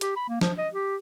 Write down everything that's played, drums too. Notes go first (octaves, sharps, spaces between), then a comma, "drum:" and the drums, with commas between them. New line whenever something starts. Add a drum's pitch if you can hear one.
G4, drum: hi-hat
B5
A#3
F3, drum: snare
D#5
G4